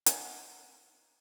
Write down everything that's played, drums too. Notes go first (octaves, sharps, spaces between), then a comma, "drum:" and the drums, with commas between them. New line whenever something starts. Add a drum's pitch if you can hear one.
C#5 D#5 F#5 G#5 A#5, drum: hi-hat